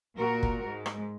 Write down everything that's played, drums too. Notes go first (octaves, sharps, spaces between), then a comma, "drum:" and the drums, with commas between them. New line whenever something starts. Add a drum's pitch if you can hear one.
A#2 F#4 A#4
drum: kick G1
G#2
drum: rim click